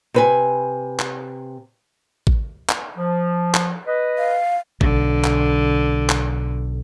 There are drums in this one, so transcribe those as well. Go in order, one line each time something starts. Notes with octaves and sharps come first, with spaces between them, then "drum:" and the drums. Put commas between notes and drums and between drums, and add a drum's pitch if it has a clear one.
C3 B4 G#5
drum: clap
drum: kick A1
drum: clap
F3
drum: clap
B4 D#5
F5
B1 D3, drum: kick A1
drum: clap
drum: clap